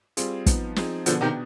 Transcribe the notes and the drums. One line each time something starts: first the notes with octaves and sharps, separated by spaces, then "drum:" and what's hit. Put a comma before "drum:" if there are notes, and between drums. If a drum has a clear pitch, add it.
G3 C4 F4 G#4, drum: hi-hat
F3 B3 D#4, drum: kick, hi-hat
F3 C4 D#4 G#4, drum: snare
B2 D3 F3 B3 D4 G#4, drum: hi-hat
C3 D#3